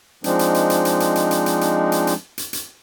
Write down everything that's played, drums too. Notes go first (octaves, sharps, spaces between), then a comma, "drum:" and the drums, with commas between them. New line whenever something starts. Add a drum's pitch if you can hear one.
F3 G#3 C4 D4 D#4, drum: hi-hat
drum: hi-hat
drum: hi-hat
drum: hi-hat
drum: hi-hat
drum: hi-hat
drum: hi-hat
drum: hi-hat
drum: hi-hat
drum: hi-hat
drum: hi-hat
drum: hi-hat
drum: hi-hat
drum: hi-hat